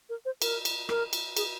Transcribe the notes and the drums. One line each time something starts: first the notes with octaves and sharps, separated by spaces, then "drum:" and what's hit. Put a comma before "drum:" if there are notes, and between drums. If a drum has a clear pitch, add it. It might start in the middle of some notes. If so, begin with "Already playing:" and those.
A#4
C5
A#4, drum: cymbal
drum: cymbal
A#4, drum: rim click
drum: cymbal
G#4, drum: cymbal